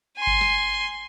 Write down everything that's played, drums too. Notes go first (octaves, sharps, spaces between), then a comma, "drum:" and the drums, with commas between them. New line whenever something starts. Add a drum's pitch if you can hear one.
G#5 C6
drum: kick G1
drum: snare